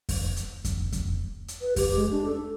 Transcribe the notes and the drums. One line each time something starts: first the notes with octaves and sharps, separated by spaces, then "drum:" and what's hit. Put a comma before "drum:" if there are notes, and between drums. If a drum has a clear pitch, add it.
drum: kick F2, open hi-hat
drum: hi-hat
drum: kick F2, hi-hat
drum: kick F2, hi-hat
drum: hi-hat
B4
G4, drum: kick F2, open hi-hat
G#3
D4
A4